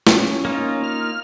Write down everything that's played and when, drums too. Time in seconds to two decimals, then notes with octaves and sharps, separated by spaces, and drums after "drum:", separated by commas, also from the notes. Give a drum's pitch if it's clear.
0.07 C#4, drum: snare
0.45 A#3 D#4 F4
0.84 F6